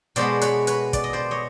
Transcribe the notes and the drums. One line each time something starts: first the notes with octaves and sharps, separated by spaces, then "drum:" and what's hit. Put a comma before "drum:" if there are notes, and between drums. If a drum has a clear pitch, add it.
B2 G#3 B3 C5 D5, drum: hi-hat
B4 C#5, drum: hi-hat
B4 C#5, drum: hi-hat
D5, drum: kick, hi-hat
D#5
C5 D5
C#5 D#5